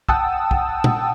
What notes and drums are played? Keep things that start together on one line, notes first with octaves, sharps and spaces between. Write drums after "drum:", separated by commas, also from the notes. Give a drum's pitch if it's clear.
F#5 G5 A5 D#6 E6, drum: kick
drum: kick
drum: tom A#2